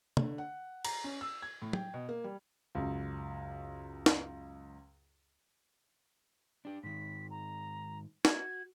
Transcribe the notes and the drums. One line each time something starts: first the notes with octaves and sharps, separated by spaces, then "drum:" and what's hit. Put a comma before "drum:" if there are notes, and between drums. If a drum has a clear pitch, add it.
D3, drum: tom
F#5
A#5, drum: cymbal
C#4
E6
G#6
A2
G5, drum: tom
B2
A#3
G3
C#2 F#2
drum: snare
D4 G4
G#2 D#3 B6
A#5
F#4 G#6, drum: snare